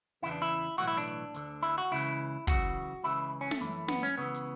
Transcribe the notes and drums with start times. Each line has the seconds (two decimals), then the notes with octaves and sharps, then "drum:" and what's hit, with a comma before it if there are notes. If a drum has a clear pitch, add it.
0.22 E2 C#3 E3 E4
0.31 D4
0.42 E4
0.78 B1 A2 E3 F#4
0.88 E4
0.98 D4, drum: hi-hat
1.34 D2 D3, drum: hi-hat
1.63 E4
1.78 F#4
1.91 C#2 C#3 E3 E4
2.47 F#2 C#3 E3 F#4, drum: kick
3.04 C#2 C#3 E3 E4
3.41 C#4
3.51 A3, drum: snare
3.60 F#2 E3
3.88 B3, drum: snare
4.03 C#4
4.17 C#2 C#3 E3 B3
4.34 drum: hi-hat